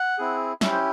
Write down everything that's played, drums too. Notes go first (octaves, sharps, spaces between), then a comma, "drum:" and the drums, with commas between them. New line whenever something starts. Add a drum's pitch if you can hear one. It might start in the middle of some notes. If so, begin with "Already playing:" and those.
Already playing: F#5
C4 E4 G#4
C#4 E4 G4 E5, drum: snare
C5